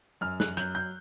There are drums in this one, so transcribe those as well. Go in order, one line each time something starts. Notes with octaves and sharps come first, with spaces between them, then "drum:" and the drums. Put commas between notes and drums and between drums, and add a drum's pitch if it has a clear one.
F#2 F6
F#6, drum: snare
F#3 G6, drum: hi-hat
G6